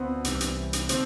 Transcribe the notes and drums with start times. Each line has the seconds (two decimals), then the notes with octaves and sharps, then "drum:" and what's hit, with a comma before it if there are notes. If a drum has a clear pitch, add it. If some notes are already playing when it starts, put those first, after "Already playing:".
Already playing: D2 D3 F3 B3 C4
0.25 C2 C3 E3 G3, drum: hi-hat
0.41 drum: hi-hat
0.73 drum: hi-hat
0.89 D3 A3 C4 D4, drum: hi-hat